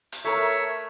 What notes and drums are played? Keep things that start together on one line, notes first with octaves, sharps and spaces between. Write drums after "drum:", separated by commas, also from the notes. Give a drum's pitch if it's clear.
drum: hi-hat
A3 A#4 C#5 E5